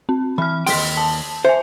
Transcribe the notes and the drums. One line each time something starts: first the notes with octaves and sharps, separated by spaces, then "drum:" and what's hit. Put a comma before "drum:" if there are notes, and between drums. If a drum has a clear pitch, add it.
C4
E3 B5 F6
D#2 F3 G5 C6 B6, drum: open hi-hat
A5
C5 E5 G#5